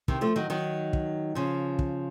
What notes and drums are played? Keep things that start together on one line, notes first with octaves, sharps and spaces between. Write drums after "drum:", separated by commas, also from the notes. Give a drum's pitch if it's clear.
C3 D#3, drum: kick
F3 A3
D#3 F#3
D#3 F#3
drum: kick
C#3 F3
drum: kick